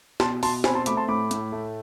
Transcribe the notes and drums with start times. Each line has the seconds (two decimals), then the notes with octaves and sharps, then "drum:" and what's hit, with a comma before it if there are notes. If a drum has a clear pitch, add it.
0.20 B2 A5 C6, drum: snare
0.43 B2 A5 C6, drum: open hi-hat
0.64 C4 G#5 B5, drum: snare
0.75 A5 C6
0.86 A3 B5 D6, drum: hi-hat
0.97 A5 C6
1.08 A2 B5 D6
1.31 A2, drum: hi-hat
1.52 A3